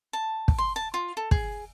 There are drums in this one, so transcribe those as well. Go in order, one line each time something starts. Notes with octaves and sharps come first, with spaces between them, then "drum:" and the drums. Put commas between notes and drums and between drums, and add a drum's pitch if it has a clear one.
A5
drum: kick
C6
A5
F4
A4
G#4, drum: kick